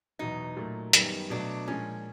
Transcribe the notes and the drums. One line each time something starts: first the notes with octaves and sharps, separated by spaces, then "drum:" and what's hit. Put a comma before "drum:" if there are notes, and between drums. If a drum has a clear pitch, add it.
E2 B2 F#3 D#4
A#2 F#3 A3
F#2 D#3 G3 B3, drum: hi-hat
B2 F#3 A3 D4
A#2 F3 G#3 C#4